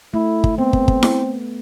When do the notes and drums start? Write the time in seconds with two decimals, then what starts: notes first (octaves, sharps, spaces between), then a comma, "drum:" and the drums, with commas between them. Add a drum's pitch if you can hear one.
0.14 A3 E4
0.44 drum: kick
0.58 B3 C4
0.73 drum: kick
0.88 drum: kick
1.03 drum: snare E4